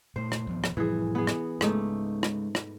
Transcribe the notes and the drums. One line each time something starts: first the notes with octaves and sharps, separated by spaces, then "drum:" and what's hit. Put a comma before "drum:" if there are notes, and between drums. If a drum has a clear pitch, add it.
A#2 A3 C5
drum: rim click
D#1 F3 B3
drum: rim click
A2 E3 F3 G3 G#4
B3 G#4
drum: rim click
G#2 G#3 A3 C#4 D#4, drum: rim click
drum: rim click
drum: rim click